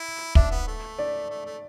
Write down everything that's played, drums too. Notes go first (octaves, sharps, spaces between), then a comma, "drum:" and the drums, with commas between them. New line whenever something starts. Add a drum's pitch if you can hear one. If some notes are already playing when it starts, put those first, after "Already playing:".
Already playing: E4
D4 E5, drum: kick
B3
A3
D5
A3
A3